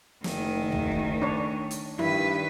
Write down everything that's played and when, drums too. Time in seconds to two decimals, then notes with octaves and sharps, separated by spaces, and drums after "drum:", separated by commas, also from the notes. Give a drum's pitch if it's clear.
0.24 F#1 D#3 A3, drum: snare
0.72 drum: tom
0.92 drum: kick
1.22 D4 C#5
1.71 drum: hi-hat
1.99 G2 D#3 E4 B4, drum: tom D#3